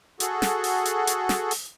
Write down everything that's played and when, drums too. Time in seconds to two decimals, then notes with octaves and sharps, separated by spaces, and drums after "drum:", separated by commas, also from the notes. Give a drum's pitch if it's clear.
0.20 F#4 G#4 A4, drum: hi-hat
0.42 drum: snare
0.64 drum: open hi-hat
0.85 drum: hi-hat
1.07 drum: hi-hat
1.29 drum: snare
1.51 drum: open hi-hat